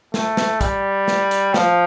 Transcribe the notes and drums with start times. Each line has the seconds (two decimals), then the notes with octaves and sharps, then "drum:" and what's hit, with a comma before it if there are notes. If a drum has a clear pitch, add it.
0.14 A3, drum: snare
0.37 drum: snare
0.61 G3, drum: kick, hi-hat
1.08 drum: snare
1.31 drum: hi-hat
1.54 F3, drum: snare